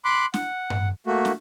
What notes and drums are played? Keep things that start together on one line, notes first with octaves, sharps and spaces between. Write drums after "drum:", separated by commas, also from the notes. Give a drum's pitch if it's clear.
B5 C6 D6 F#6
F#5, drum: snare
drum: tom G2
A3 A#3 F#4
drum: snare